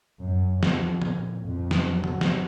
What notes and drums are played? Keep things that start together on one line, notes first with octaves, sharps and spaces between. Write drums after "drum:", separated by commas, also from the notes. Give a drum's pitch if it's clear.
F#2
F2, drum: snare
A#2, drum: tom D3
F2
drum: snare
F#3
drum: tom D3
drum: snare